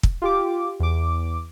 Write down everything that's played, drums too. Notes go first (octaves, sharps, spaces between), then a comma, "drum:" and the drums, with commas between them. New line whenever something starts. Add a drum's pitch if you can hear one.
drum: kick
F4 G4 D6
E2 D6